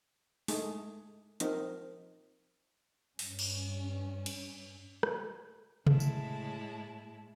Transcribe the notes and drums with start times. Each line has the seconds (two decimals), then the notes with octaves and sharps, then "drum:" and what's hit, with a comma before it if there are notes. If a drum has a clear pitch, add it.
0.48 G#3 A3 D#4 G#4 A4, drum: open hi-hat
1.40 F3 C4 D#4 A#4, drum: hi-hat
3.19 G2 C#4, drum: open hi-hat
3.39 drum: cymbal
4.26 drum: cymbal
5.03 drum: rim click
5.87 A2 G#3 E4 A5, drum: tom C3
6.00 drum: tambourine